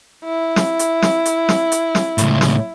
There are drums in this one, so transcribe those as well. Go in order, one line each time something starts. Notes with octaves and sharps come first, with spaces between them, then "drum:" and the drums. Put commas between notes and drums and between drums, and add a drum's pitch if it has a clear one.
E4
drum: snare
drum: hi-hat
drum: snare
drum: hi-hat
drum: snare
drum: hi-hat
drum: snare
C#2 A2, drum: hi-hat
drum: snare